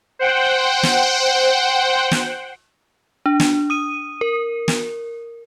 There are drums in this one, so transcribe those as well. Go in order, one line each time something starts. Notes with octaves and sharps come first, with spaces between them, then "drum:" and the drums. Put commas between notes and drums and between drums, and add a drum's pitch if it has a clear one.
C5 F#5 G5
drum: snare
drum: snare
D4
drum: snare
D#6 D#7
A#4
drum: snare